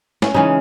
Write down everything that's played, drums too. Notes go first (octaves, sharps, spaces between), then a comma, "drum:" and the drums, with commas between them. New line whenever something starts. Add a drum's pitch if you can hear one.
C#4, drum: snare
C#3 E3 G#3 C#4 D#4